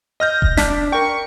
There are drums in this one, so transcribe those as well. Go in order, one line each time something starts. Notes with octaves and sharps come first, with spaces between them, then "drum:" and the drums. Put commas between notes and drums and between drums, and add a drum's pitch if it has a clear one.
D#5 F6 G6 A#6
drum: kick E1
D4 B6, drum: snare
A#4 G5 C#6